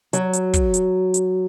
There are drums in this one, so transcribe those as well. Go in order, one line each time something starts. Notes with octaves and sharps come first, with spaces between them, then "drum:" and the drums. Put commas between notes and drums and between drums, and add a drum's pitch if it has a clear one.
F#3, drum: hi-hat
drum: hi-hat
drum: kick, hi-hat
drum: hi-hat
drum: hi-hat